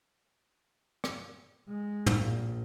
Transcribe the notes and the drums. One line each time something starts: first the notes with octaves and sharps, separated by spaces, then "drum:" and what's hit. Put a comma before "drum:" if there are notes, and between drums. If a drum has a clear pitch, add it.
drum: rim click
G#3
drum: tom
A#1